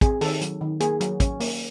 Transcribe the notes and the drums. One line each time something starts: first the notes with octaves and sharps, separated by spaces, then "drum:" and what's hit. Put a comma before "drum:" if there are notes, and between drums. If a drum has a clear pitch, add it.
C4 G#4, drum: kick, hi-hat
D#3 A4, drum: open hi-hat
F#3, drum: hi-hat
D#3
A#3 G#4, drum: hi-hat
F#3, drum: hi-hat
C#4, drum: kick, hi-hat
A#3, drum: open hi-hat